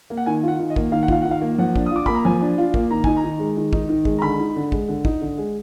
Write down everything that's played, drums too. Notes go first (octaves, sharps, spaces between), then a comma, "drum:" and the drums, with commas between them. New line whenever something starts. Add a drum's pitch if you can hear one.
A#3
F#5
D#3 G#5
F4 F#5
D#3
D#5
A#3, drum: kick
D#3 F5
F#5
F4 F5, drum: kick
D#3 F#5
F5
A#3
F3 F#5
D4, drum: kick
D#6
F4 D6
A#3 B5, drum: kick
A#5
F3 G#5
D4
F4
A#3, drum: kick
D#3 A#5
D#4 G#5, drum: kick
A#5
D#3
G#3
D#3
D#4, drum: kick
D#3
G#3, drum: kick
A#5
D3 B5
D#4
D3
G#3, drum: kick
D3
D#4, drum: kick
D3
G#3